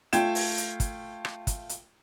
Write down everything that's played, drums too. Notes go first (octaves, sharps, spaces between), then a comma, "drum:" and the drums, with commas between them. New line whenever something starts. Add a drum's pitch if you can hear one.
A3 F4 G5 G#6 E7, drum: hi-hat
drum: open hi-hat
drum: hi-hat
drum: kick, hi-hat
drum: rim click
drum: kick, hi-hat
drum: hi-hat